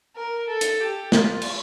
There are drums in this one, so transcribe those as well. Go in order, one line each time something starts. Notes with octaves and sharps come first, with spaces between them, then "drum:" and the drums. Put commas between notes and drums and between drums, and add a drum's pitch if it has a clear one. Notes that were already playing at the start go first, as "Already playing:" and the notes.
A#4
A4
drum: hi-hat
G4
F4, drum: snare
drum: cymbal